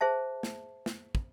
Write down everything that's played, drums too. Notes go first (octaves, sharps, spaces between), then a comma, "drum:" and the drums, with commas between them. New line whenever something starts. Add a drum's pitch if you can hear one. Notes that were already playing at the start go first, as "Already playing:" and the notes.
G#4 C5 E5 A5
drum: snare
drum: snare
drum: kick